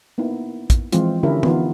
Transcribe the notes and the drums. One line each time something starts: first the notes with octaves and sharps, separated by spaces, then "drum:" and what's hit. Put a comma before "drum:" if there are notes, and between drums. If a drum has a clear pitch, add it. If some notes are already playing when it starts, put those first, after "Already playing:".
A#3 B3 D#4 E4
drum: kick, hi-hat
E3 F3 G#3 C4 F4, drum: hi-hat
D3 C#4 E4 G4 A#4
E3 B3 D#4 F4, drum: tom